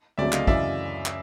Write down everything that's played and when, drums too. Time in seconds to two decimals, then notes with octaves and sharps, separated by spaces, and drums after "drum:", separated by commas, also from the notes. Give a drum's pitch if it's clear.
0.18 D2 C#3 F#3 A3 C4 D5 E5
0.32 D#5 F5, drum: clap
0.47 F#2 C#3 E3 D5 E5, drum: kick
1.06 drum: clap